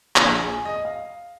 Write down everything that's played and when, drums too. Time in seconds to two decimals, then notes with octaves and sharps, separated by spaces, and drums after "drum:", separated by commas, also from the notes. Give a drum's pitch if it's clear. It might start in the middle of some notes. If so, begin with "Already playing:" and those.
0.16 A#1, drum: clap
0.44 G#4
0.65 D#5
0.85 F5